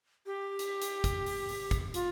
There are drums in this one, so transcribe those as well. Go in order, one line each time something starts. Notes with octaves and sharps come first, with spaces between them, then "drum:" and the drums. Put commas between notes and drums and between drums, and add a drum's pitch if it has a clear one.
G4
drum: hi-hat
drum: hi-hat
drum: kick, hi-hat
drum: open hi-hat
drum: open hi-hat
drum: kick, hi-hat
F4, drum: hi-hat